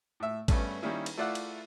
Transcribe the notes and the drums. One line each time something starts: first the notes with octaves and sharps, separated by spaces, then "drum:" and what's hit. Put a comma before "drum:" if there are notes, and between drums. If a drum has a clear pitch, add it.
A2 E5
G2 A3 B3 C#4, drum: kick, cymbal
D#3 G3 A#3 C#4 E4
drum: cymbal
A3 E4 F4 D5 E5 F#5
drum: cymbal